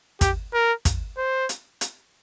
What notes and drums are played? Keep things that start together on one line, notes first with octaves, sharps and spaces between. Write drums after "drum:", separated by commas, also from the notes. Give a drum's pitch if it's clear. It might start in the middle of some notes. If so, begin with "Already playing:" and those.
G4, drum: kick, hi-hat
A#4
drum: kick, hi-hat
C5
drum: hi-hat
drum: hi-hat